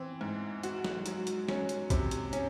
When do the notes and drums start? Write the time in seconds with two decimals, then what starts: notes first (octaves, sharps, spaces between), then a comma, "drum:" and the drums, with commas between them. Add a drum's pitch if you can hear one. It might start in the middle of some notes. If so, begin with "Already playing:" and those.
Already playing: E3 C4
0.21 G#2
0.63 F#4, drum: hi-hat
0.84 drum: snare
1.06 F#3, drum: hi-hat
1.27 drum: hi-hat
1.48 C#4, drum: snare
1.69 drum: hi-hat
1.90 C3, drum: kick B1, hi-hat
2.11 drum: hi-hat
2.33 C#4, drum: hi-hat